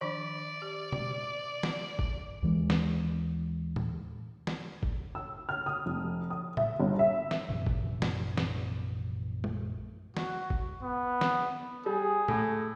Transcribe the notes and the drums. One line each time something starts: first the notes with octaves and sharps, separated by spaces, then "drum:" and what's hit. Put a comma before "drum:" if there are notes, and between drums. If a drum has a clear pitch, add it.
D#3 F3 D4 D5
G4
drum: tom B2
drum: snare
drum: kick
D#2 E3 G#3
drum: snare
drum: tom A2
drum: snare
drum: kick
E6
F6
D#6
F1
D#6
E5, drum: tom A2
G1
E5
drum: snare
A#1 F#2 C3 E3
drum: kick
drum: snare
drum: snare
drum: tom G#3
F#4, drum: snare
drum: kick
B3
drum: snare
G3 G#4
A2, drum: tom A2